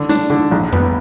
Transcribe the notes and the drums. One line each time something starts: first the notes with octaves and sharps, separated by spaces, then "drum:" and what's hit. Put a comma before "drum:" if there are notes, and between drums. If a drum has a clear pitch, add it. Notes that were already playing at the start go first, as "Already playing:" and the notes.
Already playing: D3
D4, drum: hi-hat
D3
A#1
B3, drum: tom F2